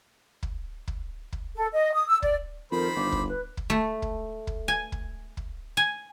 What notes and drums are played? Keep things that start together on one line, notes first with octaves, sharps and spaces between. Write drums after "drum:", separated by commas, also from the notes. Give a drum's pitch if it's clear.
drum: kick
drum: kick
drum: kick
A4
D#5
D#6
E6
D5, drum: kick
F2 D#3 A#4 C5 B5
G1 D6
drum: kick
B4
drum: kick
A3
drum: kick
drum: kick
G#5
drum: kick
drum: kick
G#5